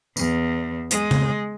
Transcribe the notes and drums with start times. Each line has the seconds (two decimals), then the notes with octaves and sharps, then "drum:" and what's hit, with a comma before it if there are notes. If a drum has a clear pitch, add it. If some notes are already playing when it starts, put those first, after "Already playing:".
0.17 E2, drum: tambourine
0.91 G#3, drum: hi-hat
1.11 drum: tom C#3